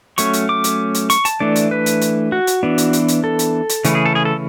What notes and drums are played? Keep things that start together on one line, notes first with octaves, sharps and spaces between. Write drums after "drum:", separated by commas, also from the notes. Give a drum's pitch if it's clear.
F#3 A3 C#4 C#6, drum: hi-hat
drum: hi-hat
D6
drum: hi-hat
drum: hi-hat
C#6, drum: hi-hat
A5, drum: hi-hat
E3 A3 D4 D5
drum: hi-hat
B4
drum: hi-hat
drum: hi-hat
F#4
drum: hi-hat
E3 B3 D4
drum: hi-hat
drum: hi-hat
drum: hi-hat
A4
drum: hi-hat
drum: hi-hat
C#3 E3 A3 C#4, drum: hi-hat
G#4
A4
G#4
A4